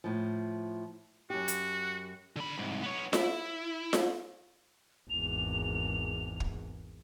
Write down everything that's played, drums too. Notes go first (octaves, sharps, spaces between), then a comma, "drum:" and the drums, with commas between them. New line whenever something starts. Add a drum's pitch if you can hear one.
A2 F3
F#2 F#4 G4
drum: hi-hat
D3 B5
C2 G#2
B3 C#5
E4, drum: snare F4
drum: snare F4
G#1 E2 F7
drum: kick